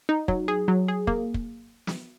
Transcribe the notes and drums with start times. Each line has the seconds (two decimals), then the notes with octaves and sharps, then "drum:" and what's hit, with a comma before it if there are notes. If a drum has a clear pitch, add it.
0.09 D#4
0.28 F#3, drum: kick
0.48 G#4
0.68 F#3
0.88 G#4
1.07 A#3, drum: kick
1.34 drum: kick
1.87 drum: snare